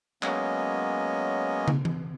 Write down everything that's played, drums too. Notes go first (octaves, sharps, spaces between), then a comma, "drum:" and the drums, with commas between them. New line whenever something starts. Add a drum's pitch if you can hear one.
F#3 G#3 A#3 B3 C#4 D#5, drum: clap
drum: tom
drum: tom E3